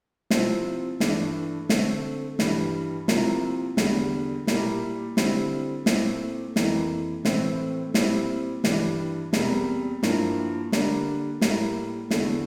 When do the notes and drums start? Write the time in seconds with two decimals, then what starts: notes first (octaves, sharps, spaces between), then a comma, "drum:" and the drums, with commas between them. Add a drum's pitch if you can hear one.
0.30 C3 F3 C4 E4, drum: snare
1.00 G2 E3 A3 D4, drum: snare
1.69 D3 A3 C4, drum: snare
2.39 G2 E3 G3, drum: snare
3.08 C3 F3 A#3 E4, drum: snare
3.77 E2 D3 G3, drum: snare
4.47 A#2 G3 A#3 E4, drum: snare
5.17 D3 G3 C4 E4, drum: snare
5.86 A#2 A3 C4 E4, drum: snare
6.56 F2 E3 A#3 E4, drum: snare
7.25 A2 E3 A3 C4 E4, drum: snare
7.94 A#2 G3 C4 E4, drum: snare
8.64 G2 E3 G3 D4, drum: snare
9.33 E2 C3 G3 A#3, drum: snare
10.03 G2 F3 A#3 E4, drum: snare
10.72 D3 G3 A#3 D4, drum: snare
11.41 A2 G3 A#3 E4, drum: snare
12.11 E2 D3 A3 E4, drum: snare